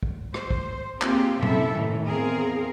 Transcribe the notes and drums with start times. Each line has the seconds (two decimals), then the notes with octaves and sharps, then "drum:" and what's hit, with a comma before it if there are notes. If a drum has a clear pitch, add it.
0.03 drum: kick
0.34 C5, drum: rim click
0.50 drum: kick
1.01 A#3 C4 F4 G4 G#4, drum: clap
1.43 F#2 C3 E4 A4 E5, drum: tom A#2
1.74 A2 D#3 E3
2.07 E2 C4 G#4 A#4 F5